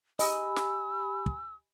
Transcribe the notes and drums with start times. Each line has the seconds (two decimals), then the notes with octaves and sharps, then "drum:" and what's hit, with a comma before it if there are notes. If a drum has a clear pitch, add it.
0.19 G4 D#5 G#5 B5 E6, drum: open hi-hat
0.56 drum: snare
1.26 drum: kick